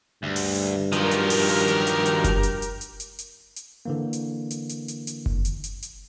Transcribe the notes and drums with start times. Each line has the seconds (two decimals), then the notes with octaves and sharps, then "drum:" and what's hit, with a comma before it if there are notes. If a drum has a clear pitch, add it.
0.23 D2 G2
0.36 drum: open hi-hat
0.55 drum: hi-hat
0.92 D#3 F3 F#3 F4 G4 A#4, drum: hi-hat
1.11 drum: hi-hat
1.30 drum: open hi-hat
1.49 drum: hi-hat
1.68 drum: hi-hat
1.87 drum: hi-hat
2.05 drum: hi-hat
2.24 drum: kick F#1, hi-hat
2.43 drum: hi-hat
2.62 drum: hi-hat
2.81 drum: hi-hat
3.00 drum: hi-hat
3.19 drum: hi-hat
3.56 drum: hi-hat
3.85 D3 E3 A#3
4.13 drum: hi-hat
4.51 drum: hi-hat
4.69 drum: hi-hat
4.88 drum: hi-hat
5.07 drum: hi-hat
5.26 drum: kick F#1
5.45 drum: hi-hat
5.64 drum: hi-hat
5.82 drum: hi-hat